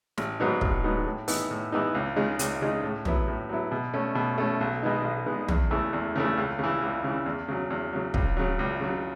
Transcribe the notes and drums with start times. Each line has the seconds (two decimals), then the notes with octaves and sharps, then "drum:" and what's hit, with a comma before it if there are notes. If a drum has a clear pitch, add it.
0.18 A1, drum: snare
0.40 G#2 F#3 B3 D#4
0.61 A1, drum: kick
0.84 G#2 F#3 B3 D#4
1.06 A2
1.28 E3 B3 D#4, drum: open hi-hat
1.51 A2
1.72 E3 B3 D#4
1.95 C#2
2.16 C#3 G#3 D#4
2.39 C#2, drum: hi-hat
2.61 C#3 G#3 D#4
2.83 A2
3.05 F#3 B3 E4, drum: tom
3.28 A2
3.49 F#3 B3 E4
3.72 B2
3.94 A3 C#4
4.15 B2
4.38 A3 C#4
4.61 B1
4.83 B2 G#3 B3 D#4
5.04 B1
5.26 B2 G#3 B3 D#4
5.48 E2, drum: tom
5.71 C#3 E3 A3
5.93 E2
6.16 C#3 E3 A3
6.37 C#2
6.59 C#3 E3
6.82 C#2
7.04 C#3 E3
7.26 E2
7.48 C#3 F#3
7.70 E2
7.93 C#3 F#3
8.14 C#2, drum: kick
8.37 C#3 F#3
8.59 C#2
8.81 C#3 F#3